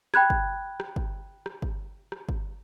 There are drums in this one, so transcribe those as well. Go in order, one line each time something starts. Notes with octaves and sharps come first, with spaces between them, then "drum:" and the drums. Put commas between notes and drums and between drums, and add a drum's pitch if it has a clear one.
G5 B5 F#6 G#6, drum: rim click
drum: kick
drum: rim click
drum: kick
drum: rim click
drum: kick
drum: rim click
drum: kick